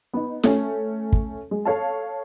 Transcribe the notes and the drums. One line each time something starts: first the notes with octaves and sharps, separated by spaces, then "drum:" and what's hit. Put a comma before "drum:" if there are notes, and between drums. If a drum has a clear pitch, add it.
B3 D#4
A3 C#4, drum: snare
drum: kick
G#3
A4 C#5 F5 A5